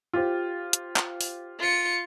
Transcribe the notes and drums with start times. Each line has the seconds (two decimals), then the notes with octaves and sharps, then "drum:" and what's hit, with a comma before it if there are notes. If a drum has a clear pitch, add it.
0.13 F4 G4 C5
0.73 drum: hi-hat
0.96 drum: clap
1.21 drum: open hi-hat
1.60 F4 C#7